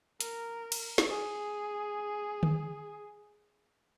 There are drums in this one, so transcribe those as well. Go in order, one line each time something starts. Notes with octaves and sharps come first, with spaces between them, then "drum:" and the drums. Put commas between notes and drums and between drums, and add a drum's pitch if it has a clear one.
A#4, drum: hi-hat
drum: cymbal
drum: snare
G#4
drum: tom D3